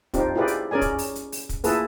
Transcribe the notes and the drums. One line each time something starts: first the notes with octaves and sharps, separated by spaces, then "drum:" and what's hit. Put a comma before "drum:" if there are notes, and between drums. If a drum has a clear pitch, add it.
C4 D4 D#4 F4 G4, drum: kick, hi-hat
E4 F4 G4 G#4 B4 D5
drum: hi-hat
C#4 G#4 A#4 D5 G#5
drum: kick, hi-hat
drum: open hi-hat
drum: hi-hat
drum: open hi-hat
drum: kick, hi-hat
A#3 E4 F4 G#4 A4 B4, drum: open hi-hat